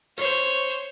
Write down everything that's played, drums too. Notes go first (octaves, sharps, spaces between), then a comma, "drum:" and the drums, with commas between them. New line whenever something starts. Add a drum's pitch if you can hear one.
C5 C#5, drum: hi-hat